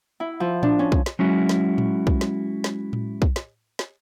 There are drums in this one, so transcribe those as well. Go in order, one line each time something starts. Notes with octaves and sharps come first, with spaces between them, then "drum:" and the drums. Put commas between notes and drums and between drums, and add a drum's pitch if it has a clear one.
E4
F3
D4, drum: tom A2
C#4
drum: kick
drum: snare
F#3 G#3 C#4 E4 F#4
drum: snare
drum: tom A2
drum: kick
drum: snare
drum: snare
drum: tom A2
drum: kick
drum: snare
drum: snare